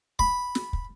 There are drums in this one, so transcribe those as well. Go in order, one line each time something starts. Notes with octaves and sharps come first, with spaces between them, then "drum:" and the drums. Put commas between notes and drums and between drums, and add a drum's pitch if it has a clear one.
B5, drum: kick
drum: snare
drum: kick